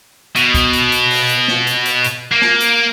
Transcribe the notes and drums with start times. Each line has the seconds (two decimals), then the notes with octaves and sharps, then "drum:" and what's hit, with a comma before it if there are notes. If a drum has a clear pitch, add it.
0.36 B2, drum: hi-hat
0.54 drum: kick B1, hi-hat
0.73 drum: hi-hat
0.92 drum: hi-hat
1.11 drum: open hi-hat
1.29 drum: hi-hat
1.48 drum: snare
1.67 drum: hi-hat
1.86 drum: hi-hat
2.04 drum: hi-hat
2.32 A#3
2.42 drum: snare
2.60 drum: hi-hat